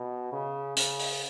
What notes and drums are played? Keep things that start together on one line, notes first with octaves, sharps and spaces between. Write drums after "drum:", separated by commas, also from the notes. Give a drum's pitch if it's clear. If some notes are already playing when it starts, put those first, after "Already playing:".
Already playing: B2
C#3
C#3, drum: hi-hat
drum: open hi-hat